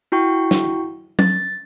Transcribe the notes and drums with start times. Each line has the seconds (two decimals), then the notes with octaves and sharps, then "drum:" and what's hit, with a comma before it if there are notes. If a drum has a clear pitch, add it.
0.12 E4 F#4 G5 C#6
0.51 drum: snare
1.19 A6, drum: tom